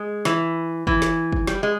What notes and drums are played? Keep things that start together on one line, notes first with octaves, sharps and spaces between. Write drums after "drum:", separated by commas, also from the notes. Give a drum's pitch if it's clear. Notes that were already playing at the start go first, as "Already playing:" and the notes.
Already playing: G#3
E3, drum: snare
E3, drum: kick
drum: snare
drum: kick
G3, drum: snare
G#3